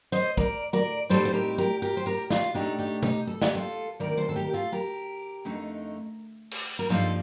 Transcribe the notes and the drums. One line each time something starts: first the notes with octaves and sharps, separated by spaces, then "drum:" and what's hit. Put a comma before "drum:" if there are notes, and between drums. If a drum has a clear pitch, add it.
C5 D#5
A#4 D5, drum: kick
A#4 D5
A2 G3 C4 D#4 A4 C5
C5
G4 A#4
G4 A#4
G4 A#4
C5
G4 A#4
F4, drum: snare
A#2 A3 D4 D#4 G4
D#4 G4
D#4 G4, drum: tom B2
A4
G4, drum: snare
F4 A4
D2 C3 D#3 A#4 D5
A4 C5
A4
G4 A#4
F4 A4
G4 A#4
F2 D3 A3 D#4
drum: cymbal
A#4
G2 F3 A#3 D#4 F4 A4